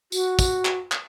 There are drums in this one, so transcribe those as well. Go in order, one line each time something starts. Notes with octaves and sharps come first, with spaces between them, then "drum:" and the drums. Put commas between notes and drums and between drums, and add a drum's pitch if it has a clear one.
F#4, drum: tambourine
drum: kick, tambourine
drum: clap
drum: clap